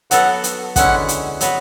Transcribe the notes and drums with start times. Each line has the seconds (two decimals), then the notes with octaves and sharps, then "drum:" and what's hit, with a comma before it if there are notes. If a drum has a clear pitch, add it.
0.11 F#3 B3 F#4 A4 F#5, drum: hi-hat
0.44 drum: hi-hat
0.76 D3 G#3 C#4 E4 F#5, drum: kick, hi-hat
1.09 drum: hi-hat
1.41 F#3 B3 F#4 B4, drum: hi-hat